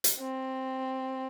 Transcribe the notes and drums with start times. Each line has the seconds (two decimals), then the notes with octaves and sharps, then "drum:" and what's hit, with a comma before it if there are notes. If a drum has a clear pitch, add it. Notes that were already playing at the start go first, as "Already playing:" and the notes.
0.04 drum: hi-hat
0.19 C4